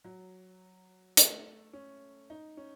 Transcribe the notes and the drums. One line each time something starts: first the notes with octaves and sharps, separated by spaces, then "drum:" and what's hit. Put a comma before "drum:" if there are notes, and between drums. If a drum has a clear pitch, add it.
F#3
A3, drum: hi-hat
C#4
D#4
C#4